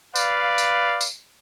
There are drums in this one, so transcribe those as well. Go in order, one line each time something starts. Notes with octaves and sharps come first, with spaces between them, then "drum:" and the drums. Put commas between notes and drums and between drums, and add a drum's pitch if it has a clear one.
B4 D5 F5, drum: tambourine
drum: tambourine
drum: tambourine